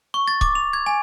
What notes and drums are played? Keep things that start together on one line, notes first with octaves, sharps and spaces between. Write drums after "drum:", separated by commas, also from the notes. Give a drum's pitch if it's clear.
C#6
A6
D6, drum: kick C#1
F7
G#6
G#5